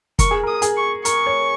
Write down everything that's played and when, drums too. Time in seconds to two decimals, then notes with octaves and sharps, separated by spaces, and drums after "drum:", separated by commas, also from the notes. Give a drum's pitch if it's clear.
0.19 A#4 C#6, drum: kick, hi-hat
0.31 G#4
0.43 A#4 D#6
0.62 G#4, drum: hi-hat
0.77 C#6
1.05 A#4 C#6, drum: hi-hat
1.26 C#5